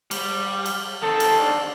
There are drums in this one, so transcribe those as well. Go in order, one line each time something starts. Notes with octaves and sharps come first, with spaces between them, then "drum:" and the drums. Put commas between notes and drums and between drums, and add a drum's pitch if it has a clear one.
G3, drum: cymbal
drum: cymbal
D#3 C4 A4
drum: cymbal
D4